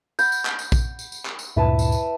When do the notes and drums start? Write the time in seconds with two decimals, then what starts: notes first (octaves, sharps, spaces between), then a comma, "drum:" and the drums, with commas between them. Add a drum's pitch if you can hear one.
0.19 F#5 B5 G6, drum: tambourine
0.32 drum: tambourine
0.45 drum: clap
0.59 drum: tambourine
0.72 drum: kick, tambourine
0.99 drum: tambourine
1.12 drum: tambourine
1.25 drum: clap
1.39 drum: tambourine
1.57 D2 G2 A#2 E4 B4 A5
1.79 drum: tambourine
1.92 drum: tambourine